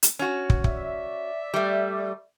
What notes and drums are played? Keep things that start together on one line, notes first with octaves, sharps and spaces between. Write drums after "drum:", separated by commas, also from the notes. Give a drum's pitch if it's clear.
drum: hi-hat
C#4 F#4
drum: kick
D5 E5, drum: kick
G3 A3